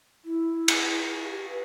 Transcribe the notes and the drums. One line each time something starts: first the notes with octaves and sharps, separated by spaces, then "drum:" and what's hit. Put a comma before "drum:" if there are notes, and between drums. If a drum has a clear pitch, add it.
E4
drum: cymbal
G4
B4